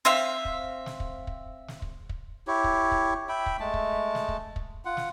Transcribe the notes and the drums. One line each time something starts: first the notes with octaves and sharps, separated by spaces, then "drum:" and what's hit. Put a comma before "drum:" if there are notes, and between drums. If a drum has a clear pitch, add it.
C4 E5 F5
drum: kick
drum: snare
drum: kick
drum: kick
drum: snare
drum: kick
drum: kick
E4 G4 C#5
drum: kick
drum: kick
E5 G5 B5
drum: kick
G#3 A3 A5
drum: kick
drum: snare
drum: kick
drum: kick
F4 F#5
drum: snare